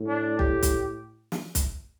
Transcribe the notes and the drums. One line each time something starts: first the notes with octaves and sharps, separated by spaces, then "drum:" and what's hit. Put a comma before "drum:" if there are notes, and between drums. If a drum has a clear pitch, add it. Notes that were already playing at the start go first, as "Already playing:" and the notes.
Already playing: A2
D4
G4, drum: kick
drum: kick, hi-hat
drum: snare
drum: kick, hi-hat